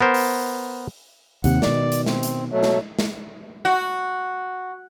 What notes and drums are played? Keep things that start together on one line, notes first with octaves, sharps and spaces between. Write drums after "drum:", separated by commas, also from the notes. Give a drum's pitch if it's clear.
B3 A#4 C5
drum: open hi-hat
D#2 C3 F#5, drum: hi-hat
B2 D#3 D5, drum: snare
drum: hi-hat
C4, drum: snare
drum: hi-hat
B2 F#3 A3
drum: snare
drum: snare
F#4